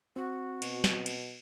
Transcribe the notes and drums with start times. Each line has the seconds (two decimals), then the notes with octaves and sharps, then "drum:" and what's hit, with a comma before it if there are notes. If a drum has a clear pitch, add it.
0.16 C4 F#4
0.62 B2, drum: cymbal
0.84 drum: snare
1.06 drum: cymbal